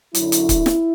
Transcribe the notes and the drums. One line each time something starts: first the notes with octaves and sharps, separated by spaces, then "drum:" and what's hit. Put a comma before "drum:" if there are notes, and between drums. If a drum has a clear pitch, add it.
F#2 D3 F#3 E4, drum: hi-hat
drum: hi-hat
drum: kick C#1, hi-hat
drum: snare